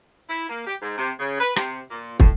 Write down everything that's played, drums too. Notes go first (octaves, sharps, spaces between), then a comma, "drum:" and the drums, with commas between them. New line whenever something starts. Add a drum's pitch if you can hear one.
E4
A#3
G4
G#2
C3
C#3
B4
C3, drum: rim click
A#2
A2, drum: kick